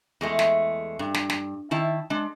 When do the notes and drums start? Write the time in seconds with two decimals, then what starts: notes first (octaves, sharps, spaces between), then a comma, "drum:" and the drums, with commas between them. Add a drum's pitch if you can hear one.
0.21 E2 G#3 A3
0.39 drum: snare
0.99 G2
1.14 drum: snare
1.30 drum: snare
1.71 D#3 E4 A5
2.10 G#3 D4